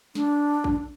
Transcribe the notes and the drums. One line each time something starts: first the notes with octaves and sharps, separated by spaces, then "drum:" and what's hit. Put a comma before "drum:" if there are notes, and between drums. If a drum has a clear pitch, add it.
D4, drum: snare
drum: kick